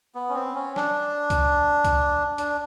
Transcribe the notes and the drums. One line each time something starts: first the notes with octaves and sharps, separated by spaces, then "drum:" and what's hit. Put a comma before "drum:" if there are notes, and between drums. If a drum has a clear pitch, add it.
B3
C#4
C4
C#4
D4, drum: snare
drum: kick C2, hi-hat
drum: kick C2, hi-hat
D4, drum: hi-hat